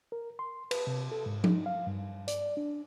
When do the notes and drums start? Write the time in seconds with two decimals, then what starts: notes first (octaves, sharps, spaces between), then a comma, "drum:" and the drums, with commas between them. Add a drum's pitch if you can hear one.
0.12 A#4
0.39 C6
0.71 B4, drum: cymbal
0.87 C3
1.12 A4
1.26 G#2
1.44 D#4, drum: tom F3
1.66 F5
1.87 G2
2.28 D5, drum: hi-hat
2.57 D4